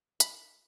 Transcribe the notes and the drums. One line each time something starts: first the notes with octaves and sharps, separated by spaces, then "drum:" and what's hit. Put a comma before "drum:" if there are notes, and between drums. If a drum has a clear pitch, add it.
B5, drum: hi-hat